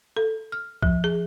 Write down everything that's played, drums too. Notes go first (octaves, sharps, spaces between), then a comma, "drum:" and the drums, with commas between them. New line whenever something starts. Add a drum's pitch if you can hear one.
A4
F6
F3, drum: kick
G#4